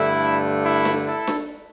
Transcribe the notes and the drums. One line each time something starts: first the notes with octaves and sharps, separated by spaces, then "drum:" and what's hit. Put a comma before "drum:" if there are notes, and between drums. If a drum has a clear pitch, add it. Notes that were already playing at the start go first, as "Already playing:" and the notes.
Already playing: G2 D3 A3 E4
E4
drum: snare D4
E4 A4
drum: snare D4